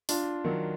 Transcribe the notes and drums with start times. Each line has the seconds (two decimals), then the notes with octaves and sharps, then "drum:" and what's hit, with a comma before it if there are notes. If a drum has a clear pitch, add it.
0.09 D4 F4, drum: open hi-hat
0.44 D#3 F#3